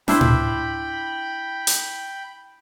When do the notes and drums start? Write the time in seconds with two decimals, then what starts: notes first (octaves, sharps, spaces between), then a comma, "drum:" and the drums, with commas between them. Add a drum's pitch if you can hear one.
0.08 D4 E4 C5 G5 B5, drum: snare
0.21 drum: tom A2
1.67 drum: hi-hat